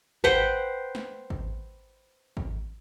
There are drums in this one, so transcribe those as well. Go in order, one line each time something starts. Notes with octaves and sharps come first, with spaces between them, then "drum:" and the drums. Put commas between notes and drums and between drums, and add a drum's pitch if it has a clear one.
B4 C5 F#5 G5, drum: kick G#1
drum: snare
drum: kick G#1
drum: kick G#1